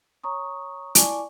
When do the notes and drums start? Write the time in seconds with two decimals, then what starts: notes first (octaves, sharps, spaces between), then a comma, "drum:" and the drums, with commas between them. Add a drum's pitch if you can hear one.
0.24 C#5 A#5 C#6 D#6
0.95 E4 D5 G#5 A5 C#6 D6, drum: hi-hat